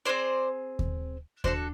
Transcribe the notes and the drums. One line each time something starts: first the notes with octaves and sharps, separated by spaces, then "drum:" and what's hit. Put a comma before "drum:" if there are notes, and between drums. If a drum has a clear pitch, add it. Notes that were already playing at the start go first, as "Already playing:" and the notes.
C4 F4 G#4 C5 D5
drum: kick D#2
D4 F#4 A4 C5 D5, drum: kick D#2